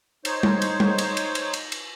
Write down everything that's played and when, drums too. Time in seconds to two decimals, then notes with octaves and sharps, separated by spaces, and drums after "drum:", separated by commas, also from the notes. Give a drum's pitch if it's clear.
0.25 D#4 C5 C#5, drum: cymbal
0.43 drum: tom G3
0.62 drum: cymbal
0.80 drum: tom G3
0.98 drum: cymbal
1.17 drum: cymbal
1.35 drum: cymbal
1.54 drum: cymbal
1.72 drum: cymbal